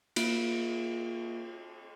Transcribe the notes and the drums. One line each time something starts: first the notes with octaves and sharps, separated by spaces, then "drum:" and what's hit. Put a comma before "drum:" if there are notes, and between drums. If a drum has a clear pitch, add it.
A#3 F4 D7, drum: cymbal